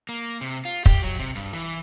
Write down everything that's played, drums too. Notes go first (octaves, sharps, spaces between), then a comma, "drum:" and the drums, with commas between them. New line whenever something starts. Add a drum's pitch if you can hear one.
A#3
C3
F4
G4, drum: kick
F#3
C3
G2
E3